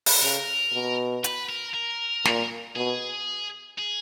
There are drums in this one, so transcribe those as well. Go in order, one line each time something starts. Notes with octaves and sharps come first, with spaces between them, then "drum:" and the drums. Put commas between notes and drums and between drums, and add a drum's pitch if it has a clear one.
drum: open hi-hat
C#3 A#4
B2
B4, drum: hi-hat
A#4
A#4
A#2, drum: snare
B2 G#4
G#4